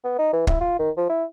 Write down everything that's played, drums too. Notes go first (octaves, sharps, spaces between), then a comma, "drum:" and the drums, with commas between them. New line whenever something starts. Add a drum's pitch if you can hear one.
B3
D#4
E3
E4, drum: kick
F4
D#3
F3
E4